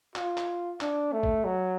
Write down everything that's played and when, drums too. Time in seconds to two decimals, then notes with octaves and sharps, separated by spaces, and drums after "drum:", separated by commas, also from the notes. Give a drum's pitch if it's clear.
0.16 F4, drum: clap
0.37 drum: clap
0.81 D4, drum: clap
1.13 A3
1.23 drum: kick
1.44 F#3